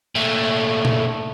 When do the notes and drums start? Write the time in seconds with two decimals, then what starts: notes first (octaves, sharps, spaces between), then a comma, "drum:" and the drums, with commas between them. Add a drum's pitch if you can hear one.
0.15 A#2 A3
0.85 drum: tom